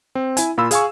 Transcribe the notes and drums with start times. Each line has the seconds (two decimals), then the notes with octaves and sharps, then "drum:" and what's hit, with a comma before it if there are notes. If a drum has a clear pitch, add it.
0.15 C4
0.37 E4 G#5, drum: hi-hat
0.58 A#2 F4 B5 E6
0.71 G#4 F5 G#5 C#6, drum: hi-hat